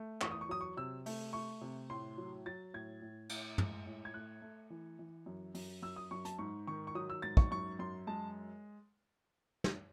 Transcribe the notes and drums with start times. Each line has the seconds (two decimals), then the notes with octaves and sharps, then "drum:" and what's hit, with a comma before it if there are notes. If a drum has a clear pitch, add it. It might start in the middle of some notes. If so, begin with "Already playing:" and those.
Already playing: A3
0.21 E2 C#6, drum: clap
0.31 D#6
0.41 C#6
0.49 F#3 D#6
0.61 C#6
0.77 C3 E6
1.06 A3, drum: open hi-hat
1.33 A3 C#6
1.61 C3
1.90 A2 C6
2.17 F#3
2.46 F#3 A6
2.74 A2 G#6
3.02 A2
3.29 A2, drum: cymbal
3.58 G#3, drum: tom
3.86 A2
4.05 G#6
4.14 A3 F#6
4.42 A3
4.70 E3
4.99 E3
5.26 F#2
5.55 F#2, drum: open hi-hat
5.82 F#2 E6
5.96 D#6
6.11 F#2 C#6
6.25 A5, drum: hi-hat
6.39 G#2 C#6
6.67 D#3 C#6
6.87 C#6
6.95 F#3 D#6
7.10 E6
7.22 G#2 A6
7.37 C#6, drum: kick
7.51 F#2 C#6
7.79 F#2 C6
8.07 G#3 A5
9.64 drum: snare